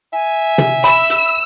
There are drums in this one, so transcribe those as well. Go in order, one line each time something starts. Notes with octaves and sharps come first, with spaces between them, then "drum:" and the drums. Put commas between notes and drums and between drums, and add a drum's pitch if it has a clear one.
E5 G#5
drum: tom
B5 E6, drum: hi-hat
drum: hi-hat